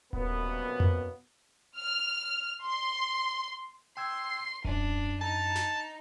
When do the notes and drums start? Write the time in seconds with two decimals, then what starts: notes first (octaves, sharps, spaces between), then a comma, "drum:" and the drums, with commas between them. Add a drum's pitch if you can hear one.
0.13 C2 F#2 B2 A#3 B3, drum: kick D#1
0.80 drum: tom F2
1.77 F6
2.66 C6
3.97 G5 C6 E6 G#6
4.65 F#2 D4, drum: kick D#1
5.21 D#4 A5 A#5
5.56 drum: snare